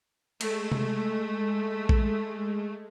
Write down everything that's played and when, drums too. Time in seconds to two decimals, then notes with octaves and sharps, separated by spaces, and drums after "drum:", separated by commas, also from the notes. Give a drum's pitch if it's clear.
0.41 G#3 A3, drum: cymbal
0.72 drum: tom C3
1.89 drum: kick A#1